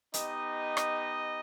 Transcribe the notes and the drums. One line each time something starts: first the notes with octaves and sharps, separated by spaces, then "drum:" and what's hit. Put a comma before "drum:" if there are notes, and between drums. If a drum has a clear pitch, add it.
B3 D#4 G4 D#5, drum: hi-hat
drum: rim click